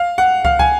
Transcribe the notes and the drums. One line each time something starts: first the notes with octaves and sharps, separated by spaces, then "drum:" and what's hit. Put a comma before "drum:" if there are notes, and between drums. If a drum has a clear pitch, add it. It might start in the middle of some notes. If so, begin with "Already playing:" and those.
Already playing: F5
F#5
F5, drum: kick
G#5, drum: kick